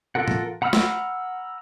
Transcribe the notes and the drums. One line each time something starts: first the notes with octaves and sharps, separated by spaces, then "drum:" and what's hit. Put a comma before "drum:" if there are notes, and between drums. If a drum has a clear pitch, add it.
F4 A4 A#4 F#5
drum: tom A2
F#5 A#5 B5 E6 F6
drum: snare